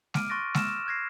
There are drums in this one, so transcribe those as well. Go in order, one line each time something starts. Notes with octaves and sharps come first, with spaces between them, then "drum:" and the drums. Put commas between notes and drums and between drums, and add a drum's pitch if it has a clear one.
D6 F6 D7 D#7, drum: snare G#3
C6 C#6 F#6 A6 A#6 D7
E6 F6 E7, drum: snare G#3
F6 F#6 G#6 A#6 C7